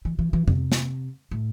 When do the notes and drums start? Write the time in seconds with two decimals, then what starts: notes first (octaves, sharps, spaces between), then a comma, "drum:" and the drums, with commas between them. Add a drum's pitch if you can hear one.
0.05 E3
0.19 E3
0.33 E3
0.48 C3, drum: tom F2
0.72 drum: snare
1.31 A2